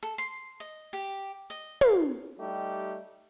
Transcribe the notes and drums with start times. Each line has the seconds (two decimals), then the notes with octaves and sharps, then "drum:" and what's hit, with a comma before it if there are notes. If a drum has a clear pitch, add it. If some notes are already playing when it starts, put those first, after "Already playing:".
0.03 A4
0.18 C6
0.60 D#5
0.93 G4
1.50 D#5
1.81 F5, drum: tom
2.37 G3 A3 D#4 G4